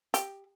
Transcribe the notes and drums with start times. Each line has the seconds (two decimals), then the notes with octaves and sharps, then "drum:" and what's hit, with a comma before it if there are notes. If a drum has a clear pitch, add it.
0.14 G4, drum: hi-hat